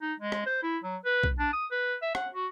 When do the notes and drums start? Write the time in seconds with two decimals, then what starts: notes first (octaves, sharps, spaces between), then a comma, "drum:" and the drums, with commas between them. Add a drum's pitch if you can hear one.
0.02 D#4
0.20 G#3
0.32 drum: rim click
0.46 C5
0.63 E4
0.84 F#3
1.05 B4
1.24 drum: kick
1.39 D4
1.53 D#6
1.71 B4
2.02 E5
2.15 F#5, drum: rim click
2.34 F#4